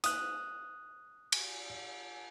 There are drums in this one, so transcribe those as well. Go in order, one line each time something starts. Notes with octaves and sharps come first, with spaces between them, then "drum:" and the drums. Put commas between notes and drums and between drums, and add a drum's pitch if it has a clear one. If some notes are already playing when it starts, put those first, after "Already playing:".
D#6 F#6, drum: hi-hat
drum: cymbal